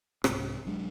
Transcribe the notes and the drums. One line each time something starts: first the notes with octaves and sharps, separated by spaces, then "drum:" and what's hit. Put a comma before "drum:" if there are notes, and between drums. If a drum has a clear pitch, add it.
C2 G#2 C3, drum: rim click
B1 F#3 G#3 D4